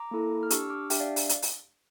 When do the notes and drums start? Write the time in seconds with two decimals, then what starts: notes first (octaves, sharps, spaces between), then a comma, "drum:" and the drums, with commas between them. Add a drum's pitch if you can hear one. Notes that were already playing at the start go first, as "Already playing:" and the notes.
Already playing: A#5 D6
0.11 A#3 E4 A4
0.43 F6
0.50 D4 G4 C#6 E6, drum: hi-hat
0.70 D6 F6
0.90 D4 G4 E5 G5, drum: open hi-hat
1.00 D5 F5
1.16 drum: open hi-hat
1.29 drum: hi-hat
1.42 drum: open hi-hat